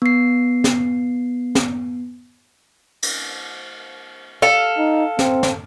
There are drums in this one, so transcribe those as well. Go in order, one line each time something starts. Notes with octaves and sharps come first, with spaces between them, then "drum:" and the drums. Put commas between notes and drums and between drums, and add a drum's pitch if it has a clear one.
B3 C7
drum: snare
drum: snare
drum: cymbal
A4 F5
D#4
C4, drum: snare
drum: snare